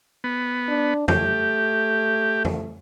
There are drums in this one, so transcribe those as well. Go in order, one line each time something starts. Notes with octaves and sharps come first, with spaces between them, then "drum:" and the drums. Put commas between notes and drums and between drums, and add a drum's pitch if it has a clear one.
B3
D4
A3 G4, drum: tom F2
drum: tom F2